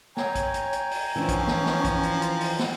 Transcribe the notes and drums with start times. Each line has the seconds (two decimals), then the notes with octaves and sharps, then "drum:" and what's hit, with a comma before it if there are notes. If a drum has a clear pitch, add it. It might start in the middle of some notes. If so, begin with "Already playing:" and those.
0.17 C#5 G5 G#5 A#5, drum: snare
0.35 drum: kick, hi-hat
0.54 drum: hi-hat
0.73 drum: hi-hat
0.91 drum: open hi-hat
1.16 E3 F3 C#4 D4
1.29 drum: kick, hi-hat
1.47 drum: snare
1.66 drum: snare
1.85 drum: kick, hi-hat
2.03 drum: hi-hat
2.22 drum: hi-hat
2.41 drum: open hi-hat
2.59 drum: snare